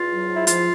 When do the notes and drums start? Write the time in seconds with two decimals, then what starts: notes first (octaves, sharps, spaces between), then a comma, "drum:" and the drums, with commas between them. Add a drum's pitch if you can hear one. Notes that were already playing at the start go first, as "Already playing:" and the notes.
Already playing: E2 F4
0.10 F#3
0.29 G#2
0.37 E4
0.47 F3 F4, drum: hi-hat